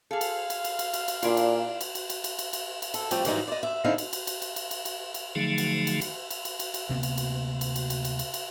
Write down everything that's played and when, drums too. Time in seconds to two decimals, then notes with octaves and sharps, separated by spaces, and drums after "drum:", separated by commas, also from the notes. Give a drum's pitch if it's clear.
0.11 G#4 A4 F5
0.21 drum: cymbal
0.50 drum: cymbal
0.64 drum: cymbal
0.79 drum: cymbal
0.94 drum: cymbal
1.08 drum: cymbal
1.23 A#2 D4 E4 F4, drum: cymbal
1.37 drum: cymbal
1.81 drum: cymbal
1.95 drum: cymbal
2.10 drum: cymbal
2.24 drum: cymbal
2.39 drum: cymbal
2.53 drum: cymbal
2.82 drum: cymbal
2.94 A4, drum: cymbal
3.11 F3 G3 A3 C4 G4, drum: cymbal
3.25 G#2 D#3 E3 F#3 G3 D#4, drum: cymbal
3.48 D5 D#5
3.63 E5
3.84 D3 C4 D#4 E4 F5
3.98 drum: cymbal
4.13 drum: cymbal
4.27 drum: cymbal
4.42 drum: cymbal
4.56 drum: cymbal
4.71 drum: cymbal
4.85 drum: cymbal
5.14 drum: cymbal
5.35 D3 F3 F#3 A3 D#4 G#4
5.58 drum: cymbal
5.87 drum: cymbal
6.01 drum: cymbal
6.30 drum: cymbal
6.45 drum: cymbal
6.60 drum: cymbal
6.74 drum: cymbal
6.89 D2 C3 A#3 B3
7.03 drum: cymbal
7.18 drum: cymbal
7.61 drum: cymbal
7.76 drum: cymbal
7.90 drum: cymbal
8.05 drum: cymbal
8.19 drum: cymbal
8.34 drum: cymbal